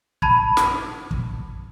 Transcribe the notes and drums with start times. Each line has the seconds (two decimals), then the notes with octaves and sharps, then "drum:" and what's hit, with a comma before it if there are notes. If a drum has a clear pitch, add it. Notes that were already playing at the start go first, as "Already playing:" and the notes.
0.22 A5 B5 G#6, drum: kick
0.57 drum: snare
1.11 drum: kick